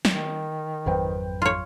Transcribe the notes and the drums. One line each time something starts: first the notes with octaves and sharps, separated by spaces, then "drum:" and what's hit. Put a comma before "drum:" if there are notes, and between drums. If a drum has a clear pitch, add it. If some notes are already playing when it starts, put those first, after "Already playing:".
D#3, drum: snare
G#1 F2 F#3 B4 C5 G5
F4 C#5